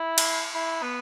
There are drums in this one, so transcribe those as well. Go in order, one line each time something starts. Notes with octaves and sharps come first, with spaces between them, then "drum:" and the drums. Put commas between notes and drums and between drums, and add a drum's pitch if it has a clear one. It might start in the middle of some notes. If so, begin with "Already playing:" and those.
Already playing: E4
drum: cymbal
E4
B3